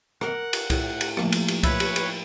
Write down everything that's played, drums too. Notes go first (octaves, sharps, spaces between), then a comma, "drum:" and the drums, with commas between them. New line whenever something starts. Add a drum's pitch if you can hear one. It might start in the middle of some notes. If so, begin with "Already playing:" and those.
A#4 F#5, drum: rim click
drum: cymbal
A2, drum: kick C2, cymbal
drum: cymbal
F3 A3 A#3, drum: rim click
drum: cymbal
drum: cymbal
E4 B4 C#5, drum: kick C2, cymbal
drum: cymbal
drum: cymbal